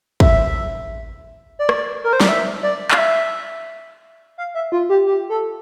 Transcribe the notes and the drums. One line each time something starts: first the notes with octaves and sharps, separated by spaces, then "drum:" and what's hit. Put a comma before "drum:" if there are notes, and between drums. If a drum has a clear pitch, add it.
E5, drum: kick
D5
drum: rim click
A#4
C5
D5, drum: snare
E5
D5
F5, drum: clap
E5
F5
E5
F4
G4
G4
A4